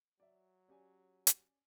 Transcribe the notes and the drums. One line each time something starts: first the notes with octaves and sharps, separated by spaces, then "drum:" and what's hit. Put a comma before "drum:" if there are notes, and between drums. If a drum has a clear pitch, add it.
F#3 D5 E5
C#4 G4 D5 G#5
drum: hi-hat